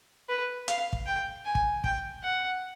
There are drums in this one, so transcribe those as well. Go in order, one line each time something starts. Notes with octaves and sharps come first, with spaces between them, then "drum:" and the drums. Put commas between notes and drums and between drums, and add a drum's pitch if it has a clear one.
B4
F5, drum: hi-hat
drum: kick
G5
G#5
drum: kick
G5, drum: kick
F#5